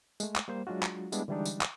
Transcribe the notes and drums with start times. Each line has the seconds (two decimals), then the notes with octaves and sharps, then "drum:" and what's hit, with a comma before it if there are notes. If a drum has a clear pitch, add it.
0.20 G#3 A3, drum: tambourine
0.36 drum: clap
0.48 G3 A#3 C5
0.67 F#3 G#3 D4 F4 F#4
0.83 drum: clap
1.12 G3 G#3 B3 D4 E4, drum: tambourine
1.28 D3 E3 G3 G#3 D4 D#4
1.45 drum: tambourine
1.61 drum: clap